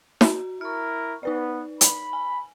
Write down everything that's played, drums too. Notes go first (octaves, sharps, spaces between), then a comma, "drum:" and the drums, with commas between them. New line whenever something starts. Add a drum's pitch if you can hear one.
F#4 A#5, drum: snare
E4 A#4 C#6 F6
B3 D#4 B4 D5
B5, drum: hi-hat
G#5